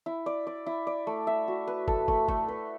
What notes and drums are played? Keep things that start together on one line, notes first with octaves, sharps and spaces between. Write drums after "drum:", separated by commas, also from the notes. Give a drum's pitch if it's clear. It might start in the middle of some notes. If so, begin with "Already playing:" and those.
E4
D5
D5
E4
D5
A3
E5
F#4
B4
A4, drum: kick
A3, drum: kick
A3, drum: kick
B4